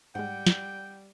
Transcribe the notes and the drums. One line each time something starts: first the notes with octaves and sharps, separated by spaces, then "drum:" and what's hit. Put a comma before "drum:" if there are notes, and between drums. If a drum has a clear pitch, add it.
G#2 G3 G#3 F#5 G5
drum: snare